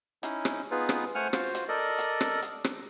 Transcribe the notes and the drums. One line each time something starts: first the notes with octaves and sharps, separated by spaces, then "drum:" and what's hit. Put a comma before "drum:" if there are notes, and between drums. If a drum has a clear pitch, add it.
C#4 D#4 E4, drum: hi-hat
drum: rim click
B3 D#4 F4 G#4 B4
drum: rim click
A3 C5 F#5 G#5 F6
F4 F#4 C5 F5, drum: rim click
drum: hi-hat
A4 A#4 D5 D#5
drum: hi-hat
drum: rim click
drum: hi-hat
drum: rim click